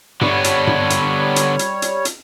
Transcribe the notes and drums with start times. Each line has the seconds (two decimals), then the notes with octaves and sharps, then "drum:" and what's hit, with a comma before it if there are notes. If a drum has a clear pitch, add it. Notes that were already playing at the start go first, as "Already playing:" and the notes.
0.21 D3 G3 B3 C#5, drum: tom G2
0.44 drum: hi-hat
0.67 drum: tom G2
0.90 drum: hi-hat
1.36 drum: hi-hat
1.59 drum: hi-hat
1.82 drum: hi-hat
2.05 drum: hi-hat